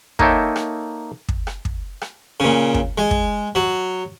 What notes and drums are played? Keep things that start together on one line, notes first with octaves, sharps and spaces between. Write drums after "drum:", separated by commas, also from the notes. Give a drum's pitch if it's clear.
A#3 D#4 A4 C#5 E5 G5, drum: kick
drum: rim click
drum: kick
drum: rim click
drum: kick
drum: rim click
A#2 C#3
drum: kick
G#3
drum: kick
F#3